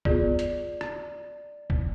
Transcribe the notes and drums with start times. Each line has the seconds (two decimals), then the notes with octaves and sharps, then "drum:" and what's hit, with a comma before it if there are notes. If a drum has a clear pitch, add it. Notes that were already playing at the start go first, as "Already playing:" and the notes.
0.05 B3 F4 G#4 D5, drum: kick
0.39 drum: hi-hat
0.81 drum: rim click
1.70 drum: kick